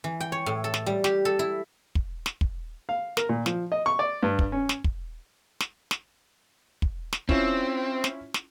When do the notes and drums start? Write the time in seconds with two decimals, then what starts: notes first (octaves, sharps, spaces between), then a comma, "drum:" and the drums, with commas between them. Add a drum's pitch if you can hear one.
0.04 E3
0.20 G5
0.32 C#5
0.46 A2
0.64 A4
0.74 drum: snare
0.86 G3
1.04 G4, drum: snare
1.25 A4
1.39 E4
1.95 drum: kick
2.26 drum: snare
2.41 drum: kick
2.89 F5
3.17 A#4, drum: snare
3.29 A#2
3.46 F3, drum: snare
3.72 D#5
3.86 C#6
3.99 D5
4.23 G2
4.39 drum: kick
4.52 C#4
4.69 drum: snare
4.84 drum: kick
5.60 drum: snare
5.91 drum: snare
6.82 drum: kick
7.13 drum: snare
7.29 C4 C#4 E4 F4, drum: kick
8.04 drum: snare
8.34 drum: snare